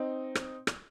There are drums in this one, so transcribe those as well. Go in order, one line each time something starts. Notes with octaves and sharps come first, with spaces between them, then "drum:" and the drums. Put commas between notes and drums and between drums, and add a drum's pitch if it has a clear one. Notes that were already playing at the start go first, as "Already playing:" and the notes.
Already playing: C4 D#4
drum: rim click
drum: rim click